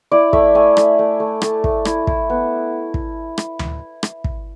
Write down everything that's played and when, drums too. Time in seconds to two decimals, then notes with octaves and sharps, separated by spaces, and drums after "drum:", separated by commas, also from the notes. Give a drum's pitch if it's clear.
0.12 E4 D5
0.33 A3 E5, drum: kick
0.55 A3 G#5
0.77 A3, drum: rim click
0.99 A3
1.20 A3
1.42 A3 A5, drum: rim click
1.64 A3, drum: kick
1.85 E4, drum: rim click
2.07 E4, drum: kick
2.30 B3
2.94 drum: kick
3.38 drum: rim click
3.59 drum: tom D2
4.03 drum: rim click
4.24 drum: kick